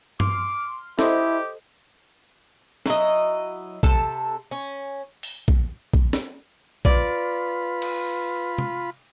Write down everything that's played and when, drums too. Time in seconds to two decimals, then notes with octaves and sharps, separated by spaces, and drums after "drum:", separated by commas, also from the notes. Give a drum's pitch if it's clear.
0.20 C6 D6 F6, drum: tom G2
0.99 E4 G4 A4 C5 D#5, drum: snare
2.86 F#3 E4 D#5, drum: snare
3.83 C3 A4 A5, drum: kick
4.51 C#4
5.23 drum: open hi-hat
5.48 drum: kick
5.94 drum: kick
6.13 drum: snare
6.85 F4 B4 D5 B5, drum: kick
7.82 drum: cymbal
8.58 drum: tom